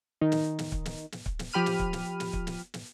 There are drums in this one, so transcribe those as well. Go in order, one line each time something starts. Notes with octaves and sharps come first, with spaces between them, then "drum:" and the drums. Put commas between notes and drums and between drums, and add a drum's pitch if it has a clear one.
D#3 D#4
drum: snare
drum: snare
drum: kick C#1
drum: snare
drum: snare
drum: kick C#1
drum: snare
F3 G4 B5 F6 D#7
drum: snare
drum: kick C#1
drum: snare
drum: snare
drum: kick C#1
drum: snare
drum: snare